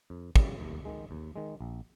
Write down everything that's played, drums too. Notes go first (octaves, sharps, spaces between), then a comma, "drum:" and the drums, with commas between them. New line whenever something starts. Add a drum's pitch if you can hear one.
F2
C#3 G3, drum: kick
D#2
D#3 G#3
D#2
D#3 G#3
A#1